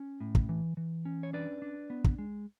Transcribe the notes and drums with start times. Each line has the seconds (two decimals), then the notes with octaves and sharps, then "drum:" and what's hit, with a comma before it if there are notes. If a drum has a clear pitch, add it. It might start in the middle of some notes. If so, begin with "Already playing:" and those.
Already playing: C#4
0.20 A2
0.35 drum: kick
0.49 E3
0.77 E3
1.05 C#4
1.23 C#5
1.33 D4 B4 D5
1.62 D4
1.90 B3
2.04 drum: kick
2.18 G#3